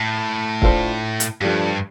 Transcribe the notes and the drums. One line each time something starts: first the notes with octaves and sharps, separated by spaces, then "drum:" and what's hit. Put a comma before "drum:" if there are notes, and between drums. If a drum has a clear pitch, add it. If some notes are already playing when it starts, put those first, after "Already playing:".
Already playing: A2
A3 D4 F4 A4 C5, drum: kick
drum: hi-hat
G2 F3 A3 D4 G4